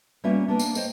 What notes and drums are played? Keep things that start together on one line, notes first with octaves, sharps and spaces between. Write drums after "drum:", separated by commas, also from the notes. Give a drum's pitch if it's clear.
G3 A#3 B3 C#4 F4 E5
A#3 B3 D4
drum: tambourine
C5 C#5 D#5 G5, drum: tambourine